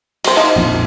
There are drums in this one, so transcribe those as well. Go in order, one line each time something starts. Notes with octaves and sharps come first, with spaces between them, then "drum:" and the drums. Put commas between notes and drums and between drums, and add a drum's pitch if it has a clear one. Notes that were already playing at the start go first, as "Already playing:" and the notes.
F#3 C5, drum: cymbal
F3 D#4 A5
A#1 F2